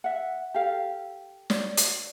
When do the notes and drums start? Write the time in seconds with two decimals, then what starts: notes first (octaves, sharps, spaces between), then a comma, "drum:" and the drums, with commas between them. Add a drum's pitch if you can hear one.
0.04 E5 F#5
0.54 G4 A4 F5
1.50 C#5 D5, drum: snare
1.77 drum: hi-hat